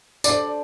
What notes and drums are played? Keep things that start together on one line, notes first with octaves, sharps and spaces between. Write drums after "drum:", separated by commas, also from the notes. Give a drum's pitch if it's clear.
D4 A4 C5 D5, drum: tambourine